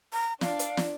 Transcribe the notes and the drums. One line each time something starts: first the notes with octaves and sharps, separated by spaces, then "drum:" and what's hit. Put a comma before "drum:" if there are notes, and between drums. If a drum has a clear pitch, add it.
A#5
D4 F5, drum: snare
drum: hi-hat
drum: snare